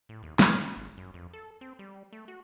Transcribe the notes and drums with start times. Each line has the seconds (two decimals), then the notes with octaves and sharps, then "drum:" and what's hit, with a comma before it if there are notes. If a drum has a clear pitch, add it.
0.09 A2
0.23 D#2
0.39 G#4, drum: snare
0.54 D#3
0.76 G#1
0.97 F#2
1.14 F2
1.33 A4
1.61 C4
1.79 G3
2.13 A3
2.28 F#4